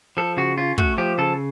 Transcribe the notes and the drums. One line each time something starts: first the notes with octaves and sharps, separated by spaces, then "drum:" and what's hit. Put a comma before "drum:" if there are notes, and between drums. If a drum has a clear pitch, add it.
F3 A4
C#3 F#4
C#4 F4
A3 F#4, drum: kick
F3 G4
C#3 A4